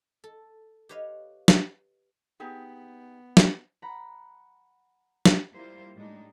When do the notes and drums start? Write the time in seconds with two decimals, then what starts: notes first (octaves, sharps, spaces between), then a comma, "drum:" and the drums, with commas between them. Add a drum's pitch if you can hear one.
0.24 A4
0.89 G4 B4 C#5 D#5 F5
1.48 drum: snare
2.40 B3 D#4 G4 G#4
3.37 drum: snare
3.82 F#5 A#5 B5
5.25 drum: snare
5.52 G3 A#3 E4 F4 A#4 C5
5.96 A2 G3 G#3 D4 D#4